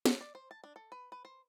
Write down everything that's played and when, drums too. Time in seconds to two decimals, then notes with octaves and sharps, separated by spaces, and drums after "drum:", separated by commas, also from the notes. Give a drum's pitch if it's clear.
0.06 F3, drum: snare
0.21 D5
0.35 C5
0.51 A5
0.64 D4
0.76 A4
0.92 B4
1.12 B4
1.25 C5